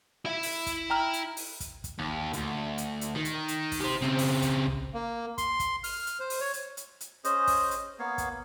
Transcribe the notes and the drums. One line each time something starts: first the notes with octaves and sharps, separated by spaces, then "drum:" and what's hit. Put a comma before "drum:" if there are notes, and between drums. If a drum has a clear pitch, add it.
E4 E5
drum: open hi-hat
drum: kick, hi-hat
G5 A#5 F6
drum: hi-hat
drum: open hi-hat
drum: kick, hi-hat
drum: kick, hi-hat
D#2
D2, drum: hi-hat
drum: hi-hat
drum: hi-hat
D#3
drum: hi-hat
drum: hi-hat
drum: kick, open hi-hat
G4 C5
C#3 C4
drum: open hi-hat
drum: kick, hi-hat
drum: tom A#1
A#3
C6, drum: kick, hi-hat
drum: kick, hi-hat
F6, drum: open hi-hat
drum: hi-hat
C5
drum: open hi-hat
C#5
drum: hi-hat
drum: hi-hat
drum: hi-hat
C#4 G#4 C5 D#5, drum: hi-hat
drum: kick, open hi-hat
drum: hi-hat
A#3 B3 C#5 F5
drum: kick, hi-hat